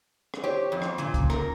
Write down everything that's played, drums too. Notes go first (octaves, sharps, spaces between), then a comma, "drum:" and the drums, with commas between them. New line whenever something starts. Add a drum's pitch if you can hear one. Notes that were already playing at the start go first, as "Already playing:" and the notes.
drum: rim click
G4 C5 C#5
F2
drum: rim click
A#2 D3, drum: hi-hat
C#3, drum: kick, hi-hat
A#4, drum: rim click